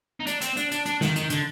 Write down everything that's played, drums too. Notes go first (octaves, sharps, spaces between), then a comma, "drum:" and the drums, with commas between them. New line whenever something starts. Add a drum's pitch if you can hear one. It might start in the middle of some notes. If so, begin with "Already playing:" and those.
D#4
D4, drum: hi-hat
C4, drum: hi-hat
D4, drum: hi-hat
D4, drum: hi-hat
D4, drum: hi-hat
D#3, drum: snare
D#3, drum: hi-hat
D3, drum: hi-hat